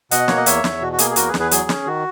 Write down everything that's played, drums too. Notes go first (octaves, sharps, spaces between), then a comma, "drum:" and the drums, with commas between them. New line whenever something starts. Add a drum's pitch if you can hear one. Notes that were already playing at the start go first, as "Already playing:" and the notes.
B2 D#5 F#5, drum: hi-hat
A#3 C#5, drum: snare
D#5
E2 C#5 E5, drum: hi-hat
E2, drum: snare
B2 F#4
F#4
A#3 G#4, drum: hi-hat
G#4
E2 F#4 A#4, drum: hi-hat
G#4 B4
E2, drum: snare
G#4 B4
F#3 G#4, drum: hi-hat
C#4, drum: snare
D#3 F#4